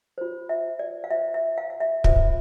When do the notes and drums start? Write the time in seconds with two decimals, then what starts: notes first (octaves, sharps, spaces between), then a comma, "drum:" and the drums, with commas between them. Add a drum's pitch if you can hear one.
0.18 F4 C5
0.49 E5
0.79 D5
1.04 F5
1.11 F4 C5 E5
1.34 E5
1.58 F5
1.70 F5
1.80 E5
2.04 F4 C5 E5, drum: kick